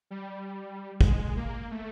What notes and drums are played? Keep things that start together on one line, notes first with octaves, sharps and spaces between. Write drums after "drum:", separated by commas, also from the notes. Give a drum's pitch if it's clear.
G3
G#3, drum: kick
A#3
A3